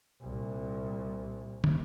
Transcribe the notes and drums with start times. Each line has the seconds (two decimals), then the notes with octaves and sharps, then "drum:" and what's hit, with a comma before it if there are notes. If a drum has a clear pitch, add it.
0.22 C2 A#2
1.64 drum: tom